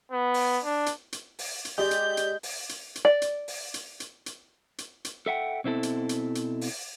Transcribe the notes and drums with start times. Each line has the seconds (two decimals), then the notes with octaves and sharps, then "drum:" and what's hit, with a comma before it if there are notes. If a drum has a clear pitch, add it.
0.12 B3
0.34 drum: open hi-hat
0.65 D4
0.86 drum: hi-hat
1.12 drum: hi-hat
1.39 drum: open hi-hat
1.65 drum: hi-hat
1.78 G#3 G4 D5 G6
1.91 drum: hi-hat
2.17 drum: hi-hat
2.43 drum: open hi-hat
2.69 drum: hi-hat
2.95 drum: hi-hat
3.05 D5
3.22 drum: hi-hat
3.48 drum: open hi-hat
3.74 drum: hi-hat
4.00 drum: hi-hat
4.26 drum: hi-hat
4.78 drum: hi-hat
5.05 drum: hi-hat
5.26 A4 E5 F#5 G5
5.64 B2 C4 E4 A4
5.83 drum: hi-hat
6.09 drum: hi-hat
6.35 drum: hi-hat
6.61 drum: open hi-hat